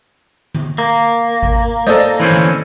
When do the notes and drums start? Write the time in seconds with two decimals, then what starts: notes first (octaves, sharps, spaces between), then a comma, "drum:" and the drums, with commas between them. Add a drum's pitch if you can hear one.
0.55 drum: tom D3
0.78 A#3
1.43 drum: kick G#1
1.87 A4 C5 D5 D#5, drum: snare
2.20 E3 C4 C#4
2.31 drum: tom D3